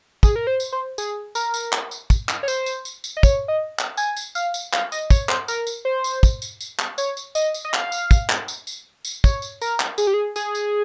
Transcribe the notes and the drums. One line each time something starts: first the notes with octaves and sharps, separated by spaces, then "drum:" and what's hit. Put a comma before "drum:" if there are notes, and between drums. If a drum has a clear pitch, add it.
G#4, drum: kick, tambourine
A#4
C5
drum: tambourine
C5
G#4, drum: tambourine
A#4, drum: tambourine
drum: tambourine
drum: clap
drum: tambourine
drum: kick, tambourine
drum: clap
C#5
C5, drum: tambourine
drum: tambourine
drum: tambourine
drum: tambourine
D#5
C#5, drum: kick, tambourine
D#5
drum: clap
G#5, drum: tambourine
drum: tambourine
F5, drum: tambourine
drum: tambourine
F5, drum: clap
D#5, drum: tambourine
C#5, drum: kick, tambourine
C5, drum: clap
A#4, drum: tambourine
drum: tambourine
C5
drum: tambourine
drum: kick, tambourine
drum: tambourine
drum: tambourine
drum: clap
C#5, drum: tambourine
drum: tambourine
D#5, drum: tambourine
drum: tambourine
D#5
F5, drum: clap
drum: tambourine
drum: kick, tambourine
drum: clap
drum: tambourine
drum: tambourine
drum: tambourine
C#5, drum: kick, tambourine
drum: tambourine
A#4, drum: tambourine
drum: clap
G#4, drum: tambourine
G4
G#4
G#4, drum: tambourine
drum: tambourine